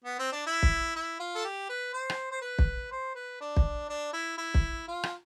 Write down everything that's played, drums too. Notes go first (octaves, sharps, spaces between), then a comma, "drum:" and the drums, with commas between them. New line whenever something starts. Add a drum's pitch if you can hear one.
B3
C4
D4
E4
drum: kick
E4
F4
A4
G4
B4
C5
drum: rim click
C5
B4
drum: kick
C5
B4
D4
drum: kick
D4
E4
E4
drum: kick
F4
drum: rim click